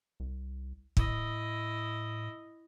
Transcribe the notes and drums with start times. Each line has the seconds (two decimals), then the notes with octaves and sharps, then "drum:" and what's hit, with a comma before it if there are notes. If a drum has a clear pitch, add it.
0.20 C2
0.97 A2 E4 D#5, drum: kick